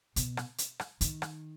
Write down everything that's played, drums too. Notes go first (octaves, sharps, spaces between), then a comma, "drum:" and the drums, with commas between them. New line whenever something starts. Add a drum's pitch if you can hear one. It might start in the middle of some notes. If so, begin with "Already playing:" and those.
B2, drum: hi-hat
drum: rim click
drum: hi-hat
drum: rim click
D#3, drum: hi-hat
drum: rim click